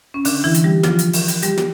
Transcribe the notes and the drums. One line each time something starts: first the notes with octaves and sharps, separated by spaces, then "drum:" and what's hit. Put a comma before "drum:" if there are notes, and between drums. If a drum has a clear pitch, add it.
C#4
D3 D4, drum: open hi-hat
E3 E4
drum: hi-hat
G3 G4
F3 F4, drum: snare
drum: hi-hat
drum: open hi-hat
drum: hi-hat
G3 G4, drum: hi-hat
drum: snare